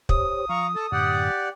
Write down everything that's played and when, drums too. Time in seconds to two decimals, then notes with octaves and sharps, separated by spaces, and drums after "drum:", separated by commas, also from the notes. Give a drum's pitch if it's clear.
0.09 G4 C5 C#5 D#6, drum: kick
0.49 F3 F5 A#5 C#6
0.75 A4 A5
0.92 F#2 A2 D3 G4 D5 F#5